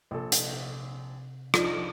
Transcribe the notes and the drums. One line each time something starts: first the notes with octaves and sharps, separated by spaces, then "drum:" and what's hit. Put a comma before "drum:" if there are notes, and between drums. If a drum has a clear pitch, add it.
A#1 C3 A4
drum: hi-hat
F3 D4 D#4 F4, drum: rim click